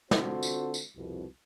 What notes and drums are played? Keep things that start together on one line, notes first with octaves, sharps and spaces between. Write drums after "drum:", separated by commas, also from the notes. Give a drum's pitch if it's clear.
D3 C4 F4 F#4 A4 C5, drum: snare
drum: tambourine
drum: tambourine
C2 F2 B2